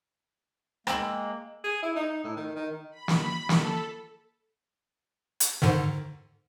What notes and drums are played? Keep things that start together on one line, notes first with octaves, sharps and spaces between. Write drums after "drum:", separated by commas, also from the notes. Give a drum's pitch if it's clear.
G#3 A#3 G5 E6 F#7, drum: rim click
G#4
E4
D#4
A2
D#3
D#3
B5
drum: snare
A4, drum: snare
drum: hi-hat
G#2 D3 D#3